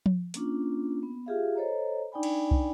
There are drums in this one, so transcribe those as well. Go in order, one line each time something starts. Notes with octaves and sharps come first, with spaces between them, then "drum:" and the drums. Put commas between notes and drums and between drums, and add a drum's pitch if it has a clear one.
drum: tom F3
A#3 C#4 D4 F4, drum: hi-hat
B3
F4 G4 G#4 E5 F5
A4 C5 C#5 D#5 A#5
D4 D#4 D5 G5 G#5 B5
drum: cymbal
drum: kick